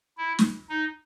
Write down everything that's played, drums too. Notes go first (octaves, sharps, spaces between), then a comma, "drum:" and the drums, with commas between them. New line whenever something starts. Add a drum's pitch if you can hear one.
E4
drum: snare
D#4